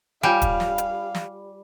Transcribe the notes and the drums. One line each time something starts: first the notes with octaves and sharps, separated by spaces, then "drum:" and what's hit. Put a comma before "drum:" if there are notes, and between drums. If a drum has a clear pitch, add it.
G3 F4 C#5 F5 G#5
drum: kick, hi-hat
drum: snare
drum: hi-hat
drum: snare